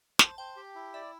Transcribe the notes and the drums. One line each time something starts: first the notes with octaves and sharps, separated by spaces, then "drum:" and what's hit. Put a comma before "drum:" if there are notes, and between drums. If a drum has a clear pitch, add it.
C5 A5, drum: snare
C5 G5
G4
E4
D5 E5